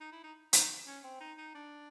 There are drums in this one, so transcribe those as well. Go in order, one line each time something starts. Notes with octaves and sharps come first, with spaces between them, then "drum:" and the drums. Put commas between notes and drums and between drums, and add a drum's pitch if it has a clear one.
D#4
E4
D#4
D#4, drum: hi-hat
C#4
C4
D#4
D#4
D4